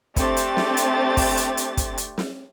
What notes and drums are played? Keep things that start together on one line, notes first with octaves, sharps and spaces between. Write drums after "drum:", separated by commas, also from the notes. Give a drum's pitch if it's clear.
A3 C4 D4 G4 A6, drum: kick, hi-hat
drum: hi-hat
drum: snare
drum: hi-hat
drum: kick, open hi-hat
drum: hi-hat
drum: hi-hat
drum: kick, hi-hat
drum: hi-hat
drum: snare